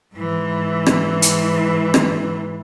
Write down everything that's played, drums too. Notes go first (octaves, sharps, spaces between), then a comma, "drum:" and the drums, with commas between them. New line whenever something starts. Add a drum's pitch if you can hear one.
G#2 E3
drum: rim click
drum: hi-hat
drum: rim click